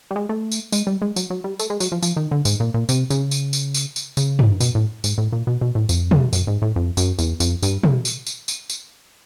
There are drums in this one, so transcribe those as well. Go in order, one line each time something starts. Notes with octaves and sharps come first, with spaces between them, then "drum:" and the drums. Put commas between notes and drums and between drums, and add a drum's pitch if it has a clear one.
G3
G#3
A3
drum: tambourine
G#3, drum: tambourine
G3
G#3
F#3, drum: tambourine
F#3
G3
A3, drum: tambourine
G#3
F#3, drum: tambourine
F3
F3, drum: tambourine
D#3
D3
G#2, drum: tambourine
A#2
A#2
C3, drum: tambourine
C#3, drum: tambourine
drum: tambourine
drum: tambourine
drum: tambourine
drum: tambourine
C#3, drum: tambourine
drum: tom
B2, drum: tambourine
A2
G#2, drum: tambourine
A2
A#2
B2
B2
A2
F2, drum: tambourine
drum: tom
F#2, drum: tambourine
G#2
A2
F2
F#2, drum: tambourine
E2, drum: tambourine
F2, drum: tambourine
G2, drum: tambourine
drum: tom
drum: tambourine
drum: tambourine
drum: tambourine
drum: tambourine